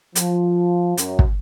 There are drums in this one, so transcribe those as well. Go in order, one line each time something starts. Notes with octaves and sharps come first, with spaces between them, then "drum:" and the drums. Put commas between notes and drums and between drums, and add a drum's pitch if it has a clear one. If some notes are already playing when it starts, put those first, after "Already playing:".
F3, drum: hi-hat
F#2, drum: hi-hat
drum: kick